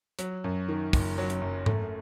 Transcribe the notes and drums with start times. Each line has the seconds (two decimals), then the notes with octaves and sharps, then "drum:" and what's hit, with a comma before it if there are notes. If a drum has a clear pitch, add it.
0.19 F#3, drum: hi-hat
0.44 F#2
0.68 D#3
0.93 F#1, drum: kick, open hi-hat
1.18 F#3
1.30 drum: hi-hat
1.42 F#2
1.66 A3, drum: tom G#2